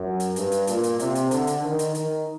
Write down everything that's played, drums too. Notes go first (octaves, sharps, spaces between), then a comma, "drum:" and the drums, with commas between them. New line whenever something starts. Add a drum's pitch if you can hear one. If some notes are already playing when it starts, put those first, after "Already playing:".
Already playing: F#2
drum: hi-hat
G2, drum: hi-hat
drum: hi-hat
A#2, drum: hi-hat
drum: hi-hat
C3, drum: hi-hat
drum: hi-hat
D3, drum: hi-hat
drum: hi-hat
D#3
drum: hi-hat
D#3, drum: hi-hat